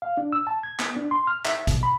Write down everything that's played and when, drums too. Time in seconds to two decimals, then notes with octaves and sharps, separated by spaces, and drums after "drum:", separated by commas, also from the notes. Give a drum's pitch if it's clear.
0.02 F5
0.17 D4
0.32 E6
0.47 A5
0.63 G#6
0.79 B3, drum: clap
0.97 D4
1.11 C6
1.27 F6
1.45 E5, drum: clap
1.67 B2, drum: kick, hi-hat
1.83 B5